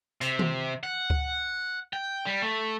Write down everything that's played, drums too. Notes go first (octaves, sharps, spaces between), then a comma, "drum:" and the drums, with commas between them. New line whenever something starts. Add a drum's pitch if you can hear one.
C3, drum: hi-hat
drum: tom D#3
F#5
drum: kick C#2
G5
G3
A3